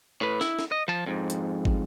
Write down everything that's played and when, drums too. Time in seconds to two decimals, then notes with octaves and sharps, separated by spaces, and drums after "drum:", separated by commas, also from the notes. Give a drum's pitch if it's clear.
0.21 A2 B4
0.41 E4, drum: snare
0.59 drum: snare
0.72 D#5
0.88 F3 A5
1.06 F2 G#2
1.30 drum: hi-hat
1.65 drum: kick